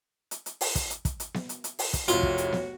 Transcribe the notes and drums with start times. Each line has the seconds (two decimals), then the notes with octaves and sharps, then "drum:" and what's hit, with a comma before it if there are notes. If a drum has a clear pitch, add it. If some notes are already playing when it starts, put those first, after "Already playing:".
0.31 drum: hi-hat
0.46 drum: hi-hat
0.61 drum: open hi-hat
0.75 drum: kick, hi-hat
0.90 drum: hi-hat
1.05 drum: kick, hi-hat
1.20 drum: hi-hat
1.34 drum: snare B3
1.49 drum: hi-hat
1.64 drum: hi-hat
1.79 drum: open hi-hat
1.93 drum: kick, hi-hat
2.08 F1 C2 F2 F4 F#4 C#5, drum: hi-hat
2.23 drum: kick
2.38 drum: hi-hat
2.52 drum: snare B3